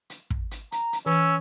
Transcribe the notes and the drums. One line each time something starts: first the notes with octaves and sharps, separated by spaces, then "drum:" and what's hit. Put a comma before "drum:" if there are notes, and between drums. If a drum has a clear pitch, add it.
drum: hi-hat
drum: kick
drum: hi-hat
A#5, drum: hi-hat
drum: hi-hat
E3 C#4 E6